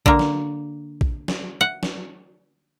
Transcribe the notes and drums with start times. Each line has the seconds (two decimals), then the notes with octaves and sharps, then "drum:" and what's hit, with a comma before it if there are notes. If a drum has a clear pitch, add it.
0.06 D3 A#3, drum: kick A#1
0.19 drum: snare
1.01 drum: kick A#1
1.28 drum: snare
1.61 F#5
1.83 drum: snare